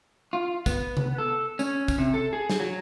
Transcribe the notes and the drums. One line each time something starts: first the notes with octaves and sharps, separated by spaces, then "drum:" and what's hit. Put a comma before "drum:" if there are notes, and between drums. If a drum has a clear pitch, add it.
F4
B3, drum: kick, tambourine
drum: tom C3
A4
C#4, drum: tambourine
drum: kick, tambourine
C3
A4
G#4
drum: snare
F#3